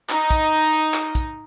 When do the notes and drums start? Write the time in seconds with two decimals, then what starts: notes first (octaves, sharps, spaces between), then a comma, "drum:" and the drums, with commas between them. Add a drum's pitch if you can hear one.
0.09 D#4, drum: clap
0.30 drum: kick, hi-hat
0.73 drum: hi-hat
0.94 drum: clap
1.15 drum: kick, hi-hat